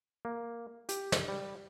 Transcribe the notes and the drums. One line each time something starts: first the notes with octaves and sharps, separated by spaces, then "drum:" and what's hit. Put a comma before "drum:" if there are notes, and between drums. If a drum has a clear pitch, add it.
A#3
G4, drum: hi-hat
drum: snare
G3